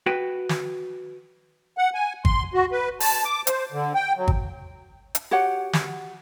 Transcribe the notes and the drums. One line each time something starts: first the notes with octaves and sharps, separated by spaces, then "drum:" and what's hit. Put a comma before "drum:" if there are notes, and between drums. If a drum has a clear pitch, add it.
F#4 B4 G5
drum: snare
F#5
G#5
C6, drum: kick G#1
F#4
B4
A5, drum: open hi-hat
D6
C5, drum: hi-hat
D3
G5
F#3
drum: kick G#1
drum: hi-hat
F#4 G4 C#5 F#5
drum: snare